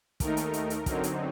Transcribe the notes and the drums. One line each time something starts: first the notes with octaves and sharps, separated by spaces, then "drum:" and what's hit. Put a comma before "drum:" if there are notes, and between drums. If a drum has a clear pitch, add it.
D#2 D#3 A3 D#4 A#4, drum: kick, hi-hat
drum: hi-hat
drum: hi-hat
drum: hi-hat
F#2 D3 F#3 C4 D#4, drum: kick, hi-hat
drum: hi-hat